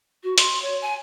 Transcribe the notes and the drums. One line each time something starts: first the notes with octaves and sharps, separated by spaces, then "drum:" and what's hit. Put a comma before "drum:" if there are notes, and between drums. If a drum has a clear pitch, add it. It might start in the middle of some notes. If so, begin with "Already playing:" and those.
F#4
C6, drum: hi-hat
C#5
G#5